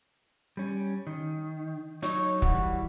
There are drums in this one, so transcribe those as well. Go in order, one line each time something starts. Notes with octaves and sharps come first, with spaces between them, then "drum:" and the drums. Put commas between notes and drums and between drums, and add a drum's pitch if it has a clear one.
G3 C#4
D#3
F#3 D#4 C#5, drum: hi-hat
E3 G3 F#4, drum: kick